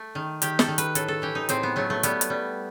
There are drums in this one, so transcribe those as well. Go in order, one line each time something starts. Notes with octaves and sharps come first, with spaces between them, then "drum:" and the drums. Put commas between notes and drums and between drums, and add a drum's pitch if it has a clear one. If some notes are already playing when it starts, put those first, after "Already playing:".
Already playing: A3
D#3
D#3 G4, drum: hi-hat
A4, drum: snare
D#3
B4, drum: hi-hat
A2 A4, drum: hi-hat
A4
E3 G4
D#4
A2 C4, drum: hi-hat
B3
F#3 A3
A3
G3 B3, drum: hi-hat
drum: hi-hat
G3